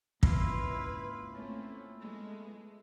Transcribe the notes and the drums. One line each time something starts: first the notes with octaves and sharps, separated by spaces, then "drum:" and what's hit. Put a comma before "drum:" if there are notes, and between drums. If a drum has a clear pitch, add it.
G#1 C#2 A#3 E4 F4 B4, drum: kick
A3 C4 C#4
G#3 A3 B3